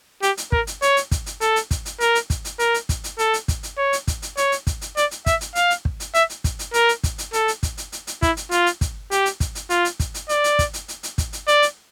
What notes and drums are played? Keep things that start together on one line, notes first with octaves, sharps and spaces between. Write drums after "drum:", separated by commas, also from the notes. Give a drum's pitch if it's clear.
G4, drum: hi-hat
drum: hi-hat
A#4, drum: kick
drum: hi-hat
C#5, drum: hi-hat
drum: hi-hat
drum: kick, hi-hat
drum: hi-hat
A4, drum: hi-hat
drum: hi-hat
drum: kick, hi-hat
drum: hi-hat
A#4, drum: hi-hat
drum: hi-hat
drum: kick, hi-hat
drum: hi-hat
A#4, drum: hi-hat
drum: hi-hat
drum: kick, hi-hat
drum: hi-hat
A4, drum: hi-hat
drum: hi-hat
drum: kick, hi-hat
drum: hi-hat
C#5
drum: hi-hat
drum: kick, hi-hat
drum: hi-hat
C#5, drum: hi-hat
drum: hi-hat
drum: kick, hi-hat
drum: hi-hat
D5, drum: hi-hat
drum: hi-hat
E5, drum: kick, hi-hat
drum: hi-hat
F5, drum: hi-hat
drum: hi-hat
drum: kick
drum: hi-hat
E5, drum: hi-hat
drum: hi-hat
drum: kick, hi-hat
drum: hi-hat
A#4, drum: hi-hat
drum: hi-hat
drum: kick, hi-hat
drum: hi-hat
A4, drum: hi-hat
drum: hi-hat
drum: kick, hi-hat
drum: hi-hat
drum: hi-hat
drum: hi-hat
E4, drum: kick, hi-hat
drum: hi-hat
F4, drum: hi-hat
drum: hi-hat
drum: kick, hi-hat
G4, drum: hi-hat
drum: hi-hat
drum: kick, hi-hat
drum: hi-hat
F4, drum: hi-hat
drum: hi-hat
drum: kick, hi-hat
drum: hi-hat
D5, drum: hi-hat
drum: hi-hat
drum: kick, hi-hat
drum: hi-hat
drum: hi-hat
drum: hi-hat
drum: kick, hi-hat
drum: hi-hat
D5, drum: hi-hat
drum: hi-hat